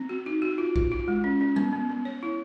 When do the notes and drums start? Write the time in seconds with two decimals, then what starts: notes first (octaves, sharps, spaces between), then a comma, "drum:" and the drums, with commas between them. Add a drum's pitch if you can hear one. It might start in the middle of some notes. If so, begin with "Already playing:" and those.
Already playing: C4
0.09 F#4
0.26 D#4
0.42 F#4
0.58 F4
0.76 F4, drum: kick A#1
0.92 F4
1.08 G#3
1.24 C#4
1.41 C#4
1.56 B3, drum: tom G3
1.73 B3
1.90 B3
2.05 C#5
2.23 E4